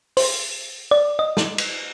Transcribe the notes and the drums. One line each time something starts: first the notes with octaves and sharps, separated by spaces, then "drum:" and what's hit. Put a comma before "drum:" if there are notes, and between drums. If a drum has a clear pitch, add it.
C5, drum: open hi-hat
D5
D#5
drum: snare
drum: cymbal